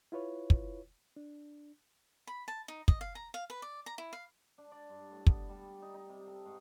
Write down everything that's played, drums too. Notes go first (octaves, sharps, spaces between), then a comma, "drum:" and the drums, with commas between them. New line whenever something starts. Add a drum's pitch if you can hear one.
E4 F4 B4 C#5
drum: kick
D4
B5
A5
D#4
D#5, drum: kick
F5
A#5
F5
B4
D5
A#5
E4
F5
D4
D5
G2
A2
B3, drum: kick
G3
D#4
D#4
C3
A4
G#2